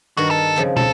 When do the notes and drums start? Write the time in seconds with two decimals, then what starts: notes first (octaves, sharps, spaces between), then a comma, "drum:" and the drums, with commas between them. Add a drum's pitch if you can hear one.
0.17 G2 D#3 F#4 A#4
0.31 A4
0.56 C#3 F3 C4
0.77 A4, drum: tom